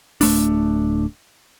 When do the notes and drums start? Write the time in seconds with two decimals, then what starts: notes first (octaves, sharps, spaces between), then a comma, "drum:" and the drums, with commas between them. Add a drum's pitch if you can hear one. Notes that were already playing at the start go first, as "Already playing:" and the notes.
0.21 D1 A3 D4, drum: open hi-hat